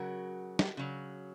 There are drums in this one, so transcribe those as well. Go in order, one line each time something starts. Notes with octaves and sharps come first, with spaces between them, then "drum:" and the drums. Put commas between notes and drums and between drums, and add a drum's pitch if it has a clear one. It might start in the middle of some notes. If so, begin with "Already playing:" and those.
Already playing: C#3 F#3 F#4 A#4
drum: snare
C#3 F#3